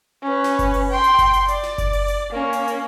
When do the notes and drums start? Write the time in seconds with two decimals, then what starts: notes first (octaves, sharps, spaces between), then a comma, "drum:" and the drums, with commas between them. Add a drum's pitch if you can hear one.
0.23 C#4 B4
0.44 drum: snare
0.59 drum: kick F#1, hi-hat
0.74 drum: open hi-hat
0.90 G5 C6
1.04 drum: hi-hat
1.19 drum: kick F#1, hi-hat
1.33 drum: hi-hat
1.48 D5, drum: hi-hat
1.63 drum: snare
1.78 drum: kick F#1, hi-hat
1.93 drum: open hi-hat
2.08 drum: hi-hat
2.31 A#3 C#4
2.53 drum: hi-hat
2.68 drum: hi-hat